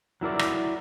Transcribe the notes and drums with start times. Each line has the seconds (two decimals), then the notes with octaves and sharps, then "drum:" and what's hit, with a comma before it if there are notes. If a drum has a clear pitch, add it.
0.21 F#3 E4 A#4 D5
0.39 drum: rim click